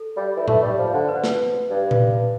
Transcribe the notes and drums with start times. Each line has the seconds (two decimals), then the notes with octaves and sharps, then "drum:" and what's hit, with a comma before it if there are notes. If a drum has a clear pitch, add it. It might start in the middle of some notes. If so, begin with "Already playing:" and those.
Already playing: A4
0.17 G3
0.37 E3
0.48 A3, drum: tom A2
0.62 G3
0.78 F3
0.94 D3
1.09 B4
1.16 C5
1.24 B4, drum: snare
1.70 G2
1.91 drum: tom A#2